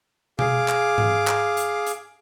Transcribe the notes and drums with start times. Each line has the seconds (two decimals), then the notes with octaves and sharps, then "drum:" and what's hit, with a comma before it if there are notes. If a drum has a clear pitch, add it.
0.39 G#4 F5 D6, drum: tom B2
0.68 drum: clap
0.98 drum: tom G#2
1.27 drum: clap
1.57 drum: hi-hat
1.86 drum: hi-hat